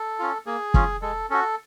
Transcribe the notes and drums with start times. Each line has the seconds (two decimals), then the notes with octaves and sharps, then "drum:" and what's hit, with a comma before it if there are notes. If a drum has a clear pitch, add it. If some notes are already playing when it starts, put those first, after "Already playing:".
Already playing: A4
0.19 C#4 F4
0.46 A#3 G#4
0.74 C#4 F4, drum: kick
1.02 G#3 A4
1.30 C#4 F#4 A4